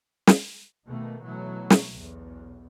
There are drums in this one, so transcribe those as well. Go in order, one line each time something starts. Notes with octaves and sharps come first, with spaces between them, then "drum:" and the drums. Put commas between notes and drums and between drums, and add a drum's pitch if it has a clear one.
drum: snare
B2 D#3 A3 A#3
B2 E3 F#3 A3
drum: snare
B1 E2